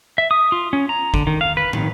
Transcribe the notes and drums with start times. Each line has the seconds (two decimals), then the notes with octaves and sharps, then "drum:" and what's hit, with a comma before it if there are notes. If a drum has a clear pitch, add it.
0.18 E5
0.31 D#6
0.52 F4
0.73 C#4
0.89 A#5
1.14 D3, drum: kick
1.27 D#3
1.41 F5
1.57 B4
1.73 D#3, drum: tom